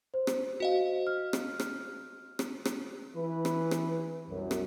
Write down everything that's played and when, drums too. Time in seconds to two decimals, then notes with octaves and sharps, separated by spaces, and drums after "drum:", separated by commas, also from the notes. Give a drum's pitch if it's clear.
0.14 C5
0.27 drum: rim click
0.60 F#4 D#5 F5
1.07 F6
1.33 drum: rim click
1.60 drum: rim click
2.39 drum: rim click
2.65 drum: rim click
3.14 E3 B4
3.45 drum: rim click
3.71 drum: rim click
4.29 C2 F#2
4.51 drum: rim click